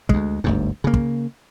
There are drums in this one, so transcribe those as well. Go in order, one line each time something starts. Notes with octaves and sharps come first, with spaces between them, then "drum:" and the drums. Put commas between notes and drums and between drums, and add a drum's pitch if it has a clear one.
D2 G#3, drum: kick
G1 D2 G#2
C#3 A#3
drum: kick